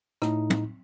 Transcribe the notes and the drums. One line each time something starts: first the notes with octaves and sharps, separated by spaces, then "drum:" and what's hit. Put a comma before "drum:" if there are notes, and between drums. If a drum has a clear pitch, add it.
A2 D#4, drum: rim click
drum: tom